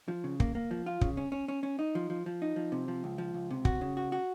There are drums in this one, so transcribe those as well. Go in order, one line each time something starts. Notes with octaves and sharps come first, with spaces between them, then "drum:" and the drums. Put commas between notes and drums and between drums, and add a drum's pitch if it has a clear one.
F3
C#3
A#3, drum: kick
A#3
F3
F4
C#3, drum: kick
C#4
C#4
C#4
C#4
D#4
F3
F3
F3
D#4
F3
C3
F3
C#2
F3
C#2
C3
F#4, drum: kick
C#3
F#4
F#4